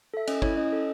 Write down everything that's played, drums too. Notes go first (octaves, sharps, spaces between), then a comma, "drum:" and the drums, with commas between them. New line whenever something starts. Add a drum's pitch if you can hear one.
A4 E5
C#4 D#5, drum: cymbal
E4 C#5, drum: kick
C#4 D#5
A4